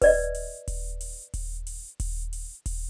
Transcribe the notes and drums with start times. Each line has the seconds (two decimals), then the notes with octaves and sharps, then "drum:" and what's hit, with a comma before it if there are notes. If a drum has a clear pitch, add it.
0.02 B4 D5 D#5, drum: kick D#1, open hi-hat
0.35 drum: open hi-hat
0.68 drum: kick D#1, open hi-hat
1.01 drum: open hi-hat
1.34 drum: kick D#1, open hi-hat
1.67 drum: open hi-hat
2.00 drum: kick D#1, open hi-hat
2.33 drum: open hi-hat
2.66 drum: kick D#1, open hi-hat